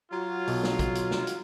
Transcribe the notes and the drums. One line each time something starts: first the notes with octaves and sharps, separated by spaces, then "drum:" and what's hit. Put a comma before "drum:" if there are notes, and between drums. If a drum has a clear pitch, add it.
F#3 F4
B1, drum: open hi-hat
drum: snare
drum: kick, hi-hat
drum: hi-hat
drum: snare
drum: hi-hat